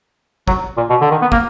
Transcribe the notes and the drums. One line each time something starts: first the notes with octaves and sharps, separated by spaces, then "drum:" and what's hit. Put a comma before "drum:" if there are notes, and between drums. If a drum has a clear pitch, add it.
F#3, drum: kick
A#2
B2
D3
D#3
B3
A#3, drum: kick